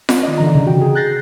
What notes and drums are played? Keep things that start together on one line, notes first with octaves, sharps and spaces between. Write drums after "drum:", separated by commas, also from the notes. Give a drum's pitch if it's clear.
drum: snare F4
D#3 D5 D#5
D3 E3 A#5
C#3
F#4 G5
G#4
F#6 G6 A6 A#6 C7